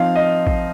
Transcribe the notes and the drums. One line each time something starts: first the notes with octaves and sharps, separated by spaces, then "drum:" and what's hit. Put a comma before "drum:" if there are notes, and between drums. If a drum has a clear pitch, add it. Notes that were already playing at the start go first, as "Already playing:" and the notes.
Already playing: F3 C4 D#4 F5
D#5
drum: kick A1